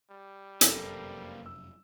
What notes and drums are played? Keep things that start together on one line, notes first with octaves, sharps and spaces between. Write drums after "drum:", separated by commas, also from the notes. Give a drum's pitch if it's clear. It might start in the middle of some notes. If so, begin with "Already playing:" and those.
G3
F1 F#2 A#3 C4 A4, drum: hi-hat
E6